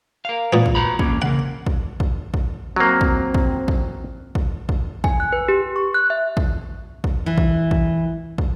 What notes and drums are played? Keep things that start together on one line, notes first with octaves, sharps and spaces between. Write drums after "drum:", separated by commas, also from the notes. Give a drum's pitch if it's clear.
A#4 F5
A#2 B3
drum: kick
F#4 A#5 B5
E2 A#3 C#4, drum: kick
C#3 A#3 F#5
drum: kick
drum: kick
drum: kick
F#3 A#3 C4
drum: kick
drum: kick
drum: kick
drum: kick
drum: kick
G#5, drum: kick
F#6
B4
G4
C#6
F#6
E5
drum: kick
drum: kick
E3
drum: kick
drum: kick
drum: kick